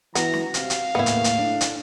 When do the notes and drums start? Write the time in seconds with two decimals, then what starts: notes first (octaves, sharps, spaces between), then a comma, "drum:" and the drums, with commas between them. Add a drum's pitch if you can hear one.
0.15 E3 B3 F#4 A#5, drum: hi-hat
0.34 drum: snare
0.54 C3 F5, drum: hi-hat
0.70 drum: hi-hat
0.95 D#2 A2 C#3 A#3 B3 E4
1.06 drum: hi-hat
1.24 drum: hi-hat
1.38 A2 D4
1.61 drum: hi-hat